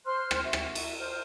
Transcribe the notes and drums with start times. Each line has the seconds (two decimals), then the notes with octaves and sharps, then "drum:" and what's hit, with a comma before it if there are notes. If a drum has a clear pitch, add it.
0.05 C5 C6 F6 F#6
0.31 drum: rim click
0.43 F#4 E5
0.53 drum: rim click
0.75 drum: cymbal
0.98 C5 F6